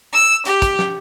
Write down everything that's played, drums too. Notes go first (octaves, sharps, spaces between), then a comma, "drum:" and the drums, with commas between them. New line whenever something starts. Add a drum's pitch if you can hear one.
E6
G4, drum: hi-hat
drum: kick, hi-hat
drum: snare